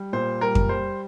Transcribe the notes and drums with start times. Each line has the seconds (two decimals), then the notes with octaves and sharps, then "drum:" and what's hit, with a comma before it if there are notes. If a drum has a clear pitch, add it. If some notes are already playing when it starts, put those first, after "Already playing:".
Already playing: G3
0.13 A#2 C5
0.41 G3 A#4
0.55 drum: kick F2
0.69 G3 C5